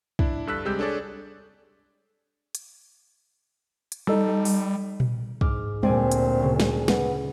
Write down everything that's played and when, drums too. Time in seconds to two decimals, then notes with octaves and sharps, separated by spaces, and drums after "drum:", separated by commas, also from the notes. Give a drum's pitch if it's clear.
0.19 D4 E4, drum: kick
0.47 G2 A4 E6 F#6 B6
0.65 C3 G3 G#3 G4 E6 G6
0.79 D4 G#4 A4 C#5 D5
2.55 drum: hi-hat
3.92 drum: hi-hat
4.07 G3 D#4 A4
4.45 drum: open hi-hat
5.00 drum: tom A#2
5.41 G#2 D6 F6, drum: kick
5.83 D2 A#2 G3 C4 D5 G#5, drum: tom G3
6.12 drum: hi-hat
6.40 C#3 C#4
6.60 drum: snare
6.88 B3, drum: snare